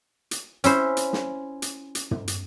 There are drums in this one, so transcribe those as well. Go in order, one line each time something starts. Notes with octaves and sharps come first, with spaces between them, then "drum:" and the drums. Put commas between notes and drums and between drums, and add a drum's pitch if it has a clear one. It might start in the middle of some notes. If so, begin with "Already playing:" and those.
drum: hi-hat
C#4 E4 C5, drum: hi-hat
drum: hi-hat
drum: snare
drum: hi-hat
drum: hi-hat
drum: tom
drum: hi-hat